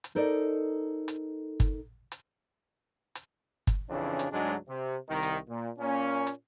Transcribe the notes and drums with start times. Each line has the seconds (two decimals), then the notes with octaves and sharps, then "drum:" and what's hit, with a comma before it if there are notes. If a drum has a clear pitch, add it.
0.04 drum: hi-hat
0.15 D#4 A4 A#4 C5 D5 D#5
1.08 drum: hi-hat
1.60 drum: kick G1, hi-hat
2.12 drum: hi-hat
3.15 drum: hi-hat
3.67 drum: kick G1, hi-hat
3.90 F2 C#3 E3 C#4 D4
4.19 drum: hi-hat
4.32 D2 G#2 F#3 G#3 D4
4.68 C3
5.09 C2 D#3
5.23 drum: hi-hat
5.49 A#2
5.79 A#2 A#3 C#4
6.27 drum: hi-hat